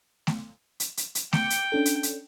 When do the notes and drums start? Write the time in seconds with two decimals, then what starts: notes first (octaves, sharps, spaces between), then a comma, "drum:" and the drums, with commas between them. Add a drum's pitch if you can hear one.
0.27 drum: snare A3
0.80 drum: hi-hat
0.97 drum: hi-hat
1.15 drum: hi-hat
1.33 G5 D6 C#7, drum: snare A3
1.50 drum: hi-hat
1.72 C#4 D4 A4
1.85 drum: hi-hat
2.03 drum: hi-hat